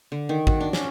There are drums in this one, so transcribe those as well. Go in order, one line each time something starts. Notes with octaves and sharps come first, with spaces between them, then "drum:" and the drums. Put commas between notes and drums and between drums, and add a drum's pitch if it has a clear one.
D3
D#3
F#4, drum: kick A1
D4
C#4, drum: snare